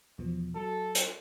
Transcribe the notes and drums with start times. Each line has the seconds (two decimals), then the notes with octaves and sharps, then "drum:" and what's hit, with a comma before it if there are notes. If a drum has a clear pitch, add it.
0.18 E2 B2 F3
0.55 F#3 A4
0.95 drum: hi-hat